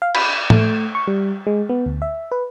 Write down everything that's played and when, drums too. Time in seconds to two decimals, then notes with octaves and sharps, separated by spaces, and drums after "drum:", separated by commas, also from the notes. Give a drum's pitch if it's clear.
0.02 F5
0.15 B5, drum: cymbal
0.50 A3, drum: tom
0.95 C#6
1.07 G3
1.47 G#3
1.69 B3
1.86 D2
2.02 E5
2.32 B4